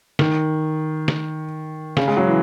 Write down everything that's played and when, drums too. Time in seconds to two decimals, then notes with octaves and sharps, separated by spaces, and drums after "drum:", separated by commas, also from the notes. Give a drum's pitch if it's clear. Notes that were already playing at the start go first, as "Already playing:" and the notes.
0.19 D#3, drum: snare
1.08 drum: snare
1.97 C#3, drum: snare
2.08 G#3
2.17 F#3
2.27 E3